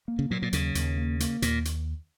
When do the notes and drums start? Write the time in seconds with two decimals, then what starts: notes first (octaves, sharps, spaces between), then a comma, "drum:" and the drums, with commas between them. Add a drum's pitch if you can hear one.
0.08 A#3
0.19 C#3
0.30 A#2 F#3
0.42 A#2
0.53 D#2 C#3, drum: hi-hat
0.75 D#2, drum: hi-hat
0.97 A#3
1.20 A#3, drum: hi-hat
1.42 D#2 A#2, drum: hi-hat
1.65 drum: hi-hat